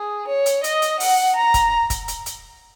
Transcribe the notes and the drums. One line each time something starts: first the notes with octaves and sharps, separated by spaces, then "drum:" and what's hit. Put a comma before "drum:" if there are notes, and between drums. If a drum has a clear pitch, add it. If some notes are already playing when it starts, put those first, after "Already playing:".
Already playing: G#4
C#5
drum: hi-hat
D#5, drum: hi-hat
drum: hi-hat
F#5, drum: open hi-hat
A#5
drum: kick, hi-hat
drum: kick, hi-hat
drum: hi-hat
drum: hi-hat